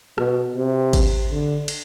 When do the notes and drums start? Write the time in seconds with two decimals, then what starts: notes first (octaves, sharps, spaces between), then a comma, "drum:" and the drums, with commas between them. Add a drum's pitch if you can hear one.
0.18 B2, drum: rim click
0.56 C3
0.93 drum: kick G#1, cymbal
1.31 D3
1.68 drum: cymbal